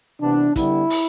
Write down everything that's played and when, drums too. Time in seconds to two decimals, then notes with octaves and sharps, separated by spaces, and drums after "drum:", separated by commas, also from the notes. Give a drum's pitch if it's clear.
0.21 C3 E3 B3 D4
0.56 D3 G3 B3 E4, drum: kick, hi-hat
0.90 drum: open hi-hat